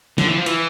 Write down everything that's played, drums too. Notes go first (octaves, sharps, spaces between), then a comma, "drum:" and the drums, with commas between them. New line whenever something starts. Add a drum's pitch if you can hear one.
D3, drum: snare
E3
F3
E3, drum: hi-hat